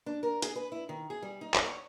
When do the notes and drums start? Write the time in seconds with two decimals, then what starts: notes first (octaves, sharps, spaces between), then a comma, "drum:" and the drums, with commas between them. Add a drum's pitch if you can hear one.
0.06 D4
0.23 A#4
0.42 G#4, drum: hi-hat
0.56 B4
0.72 E4
0.89 D#3
1.10 G#4
1.22 G3
1.41 D#4
1.54 drum: clap
1.65 C#5